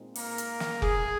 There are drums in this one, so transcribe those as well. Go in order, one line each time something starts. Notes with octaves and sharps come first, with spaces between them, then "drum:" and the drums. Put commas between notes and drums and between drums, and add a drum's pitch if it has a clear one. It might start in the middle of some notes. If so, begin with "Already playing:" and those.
Already playing: A#2 G#3 C4 D#4
A#3 A#4, drum: open hi-hat
drum: hi-hat
drum: snare
G#4, drum: kick F1